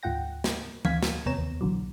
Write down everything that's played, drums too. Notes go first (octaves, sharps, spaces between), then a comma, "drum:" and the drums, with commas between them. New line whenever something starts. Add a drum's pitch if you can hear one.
D2 G#2 F4 F#5 G5 A#6
drum: snare
D2 D3 F5 G#6 B6, drum: tom E3
drum: snare
E2 C3 B3 C#5 A#5 E7
D#2
B1 A#2 D3 E3 F#3